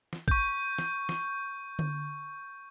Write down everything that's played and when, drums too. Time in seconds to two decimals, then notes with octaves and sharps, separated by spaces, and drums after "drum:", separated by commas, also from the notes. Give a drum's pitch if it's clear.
0.13 drum: snare
0.28 C#6 G6, drum: kick
0.78 drum: snare
1.09 drum: snare
1.79 drum: tom D3